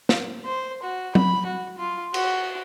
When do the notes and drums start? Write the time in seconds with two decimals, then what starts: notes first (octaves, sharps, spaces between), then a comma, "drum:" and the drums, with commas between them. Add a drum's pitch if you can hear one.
0.09 drum: snare
0.45 C5
0.83 F#4
1.15 B5, drum: tom F#3
1.46 F#4
1.78 F4
2.14 F#4, drum: cymbal